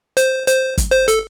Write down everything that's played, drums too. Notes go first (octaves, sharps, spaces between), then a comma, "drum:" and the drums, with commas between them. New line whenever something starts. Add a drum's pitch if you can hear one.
C5, drum: hi-hat
C5, drum: hi-hat
drum: kick, hi-hat
C5
A4, drum: hi-hat